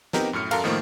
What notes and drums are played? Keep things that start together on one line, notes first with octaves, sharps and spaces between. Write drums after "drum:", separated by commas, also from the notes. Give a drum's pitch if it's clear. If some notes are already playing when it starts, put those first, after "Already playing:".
B3 C4 D#4 G4 A#4, drum: snare
F#2 A2 F6 C#7
F#2 A4 A#4 F5, drum: cymbal
A2 D#3 F3 A3 A#3